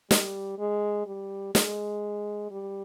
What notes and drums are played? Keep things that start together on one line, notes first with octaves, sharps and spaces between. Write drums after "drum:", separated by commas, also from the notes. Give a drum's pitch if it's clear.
G3, drum: snare
G#3
G3
G#3, drum: snare
G3